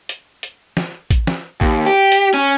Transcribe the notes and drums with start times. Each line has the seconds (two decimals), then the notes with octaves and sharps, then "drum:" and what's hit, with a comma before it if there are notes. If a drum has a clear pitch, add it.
0.09 drum: hi-hat
0.43 drum: hi-hat
0.77 drum: snare
1.11 drum: kick, hi-hat
1.27 drum: snare
1.61 D#2, drum: kick
1.86 G4
2.12 drum: hi-hat
2.34 C#4